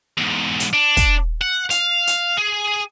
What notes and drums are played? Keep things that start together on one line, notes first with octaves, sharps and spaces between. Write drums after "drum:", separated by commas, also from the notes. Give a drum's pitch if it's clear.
E2 G#2
drum: hi-hat
D4
drum: kick, hi-hat
F#5
F5, drum: hi-hat
drum: hi-hat
G#4